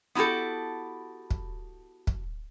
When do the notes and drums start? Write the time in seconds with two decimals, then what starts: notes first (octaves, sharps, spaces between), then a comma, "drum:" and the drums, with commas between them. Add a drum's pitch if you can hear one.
0.15 B3 E4 F#4 G4 A4
1.31 drum: kick
2.07 drum: kick